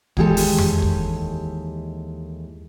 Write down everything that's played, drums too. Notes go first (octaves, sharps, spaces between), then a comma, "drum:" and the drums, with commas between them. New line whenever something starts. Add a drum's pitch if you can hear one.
D#2 E3 G#3 G4 A4 A5, drum: kick
drum: open hi-hat
drum: tom F2
drum: kick